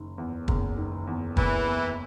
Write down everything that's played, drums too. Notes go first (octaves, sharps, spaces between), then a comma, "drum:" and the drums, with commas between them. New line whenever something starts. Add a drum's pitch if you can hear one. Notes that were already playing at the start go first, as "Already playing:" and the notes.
Already playing: F#1 D#3
E2
F#1, drum: kick
D#3
E2
F#1 E3, drum: kick
E2